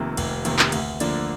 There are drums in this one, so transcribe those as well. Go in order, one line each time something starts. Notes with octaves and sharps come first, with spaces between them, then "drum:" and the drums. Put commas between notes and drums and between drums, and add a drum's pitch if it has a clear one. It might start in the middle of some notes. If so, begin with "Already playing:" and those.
Already playing: F1 F2 C3 D#3 A#3
F1, drum: cymbal
F2 C3 D#3 A#3, drum: cymbal
drum: clap
D2, drum: cymbal
D3 F3 A#3 D4, drum: cymbal